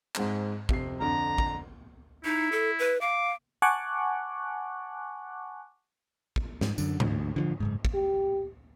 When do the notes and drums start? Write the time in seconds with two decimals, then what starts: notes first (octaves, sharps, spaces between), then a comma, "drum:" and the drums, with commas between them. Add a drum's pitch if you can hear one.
0.15 G#2 G#3 C4, drum: clap
0.69 F2 C3 C7, drum: kick
1.00 F2 D3 A#5
1.38 drum: kick
2.25 D#4 E4
2.52 A4
2.79 B4
3.01 F5 D6
3.62 F#5 G#5 A5 C#6 D6 F#6
6.36 drum: kick
6.61 G#2, drum: snare
6.78 F#2 D3, drum: tambourine
7.00 D2, drum: tom G#2
7.36 D3 E3 F3
7.60 F#1 C#2 G#2
7.85 drum: kick
7.94 G4